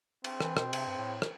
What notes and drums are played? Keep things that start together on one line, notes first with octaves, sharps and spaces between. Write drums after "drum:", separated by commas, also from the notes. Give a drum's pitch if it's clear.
C4, drum: cymbal
E3, drum: rim click
B2, drum: rim click
C3, drum: cymbal
G2
A2
drum: rim click